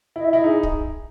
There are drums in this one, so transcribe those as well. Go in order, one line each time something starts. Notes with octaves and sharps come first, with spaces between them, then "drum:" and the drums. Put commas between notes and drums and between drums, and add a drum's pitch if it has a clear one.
E4 D#5
E5
E4 D#5
D#4 G#4
drum: kick